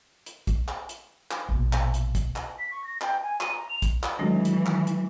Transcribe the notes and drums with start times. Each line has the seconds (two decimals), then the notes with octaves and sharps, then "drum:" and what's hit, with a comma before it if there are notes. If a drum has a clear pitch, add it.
0.26 drum: hi-hat
0.47 drum: kick, hi-hat
0.68 drum: clap
0.89 drum: hi-hat
1.31 drum: clap
1.49 A#1 B2
1.73 drum: clap
1.94 drum: hi-hat
2.15 drum: kick, hi-hat
2.36 drum: clap
2.59 B6
2.72 C#6
2.84 A#6
3.01 G5, drum: clap
3.22 G#5
3.40 D#7, drum: clap
3.54 A#5
3.69 F7
3.82 drum: kick, hi-hat
4.03 drum: clap
4.19 D#3 E3 F#3 G#3 A3 C4 D4
4.45 drum: hi-hat
4.66 drum: clap
4.87 drum: hi-hat